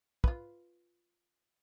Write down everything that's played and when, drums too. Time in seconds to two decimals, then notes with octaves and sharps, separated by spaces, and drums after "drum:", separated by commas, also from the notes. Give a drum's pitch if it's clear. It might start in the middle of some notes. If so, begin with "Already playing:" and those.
0.24 F4 B4, drum: kick